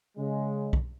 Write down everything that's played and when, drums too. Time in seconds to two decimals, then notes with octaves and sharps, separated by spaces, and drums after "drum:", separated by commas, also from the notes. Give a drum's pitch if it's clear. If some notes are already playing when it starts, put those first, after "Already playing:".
0.18 C#3 G#3
0.73 drum: kick B1